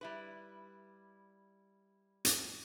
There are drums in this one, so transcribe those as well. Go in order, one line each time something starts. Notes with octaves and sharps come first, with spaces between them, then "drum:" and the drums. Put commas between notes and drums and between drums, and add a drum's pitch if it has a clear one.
G3 E4 B4
drum: hi-hat